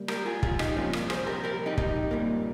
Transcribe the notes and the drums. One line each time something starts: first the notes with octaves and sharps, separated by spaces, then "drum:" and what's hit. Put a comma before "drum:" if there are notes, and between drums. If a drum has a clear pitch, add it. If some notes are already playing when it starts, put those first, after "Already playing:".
Already playing: C#2 G3 A#3
G4 A#4, drum: rim click
F4 G#4
F4 G#4, drum: kick
D#4 G4, drum: rim click
C2 A#2 F3 A#3 C#4 F4
drum: rim click
G#4 C5, drum: rim click
G4 A#4
G4 A#4
D#4 G4
D#4 G4, drum: kick
C2 A#2 G3 A#3